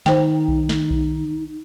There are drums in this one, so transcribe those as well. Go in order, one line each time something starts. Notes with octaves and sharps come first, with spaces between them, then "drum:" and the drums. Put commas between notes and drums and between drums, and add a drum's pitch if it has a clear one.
D#3 D#4 C5 G5, drum: snare
drum: kick B1
drum: snare
drum: kick B1